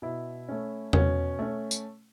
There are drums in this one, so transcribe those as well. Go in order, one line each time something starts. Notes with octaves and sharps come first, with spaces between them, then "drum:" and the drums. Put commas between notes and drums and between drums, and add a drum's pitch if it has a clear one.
B2 E4
A3 C#4
B2 C#4, drum: tom E2
A3 C#4
drum: tambourine